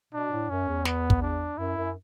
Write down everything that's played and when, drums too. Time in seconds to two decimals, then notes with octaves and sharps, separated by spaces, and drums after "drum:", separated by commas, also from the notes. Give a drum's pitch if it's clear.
0.14 B2 D4
0.32 A2
0.50 F#2 C#4
0.68 E2
0.85 B3, drum: snare
1.10 drum: kick
1.22 D4
1.58 F#2 E4
1.76 F#2